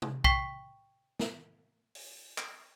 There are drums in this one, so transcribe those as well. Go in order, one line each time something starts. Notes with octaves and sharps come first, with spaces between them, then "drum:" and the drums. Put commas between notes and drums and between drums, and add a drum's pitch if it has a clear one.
drum: tom
G5 C#6 B6, drum: kick B1
drum: snare
drum: open hi-hat
drum: clap